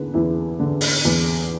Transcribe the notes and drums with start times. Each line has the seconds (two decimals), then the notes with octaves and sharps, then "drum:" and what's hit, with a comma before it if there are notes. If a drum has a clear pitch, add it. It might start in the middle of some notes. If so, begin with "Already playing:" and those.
Already playing: E2 D3 B4
0.14 E2 E4
0.59 D3
0.81 drum: open hi-hat
1.05 E2